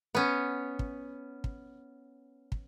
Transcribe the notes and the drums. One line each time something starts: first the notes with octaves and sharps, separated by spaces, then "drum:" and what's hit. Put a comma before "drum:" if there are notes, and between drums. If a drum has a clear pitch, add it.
B3 C#4
drum: kick
drum: kick
drum: kick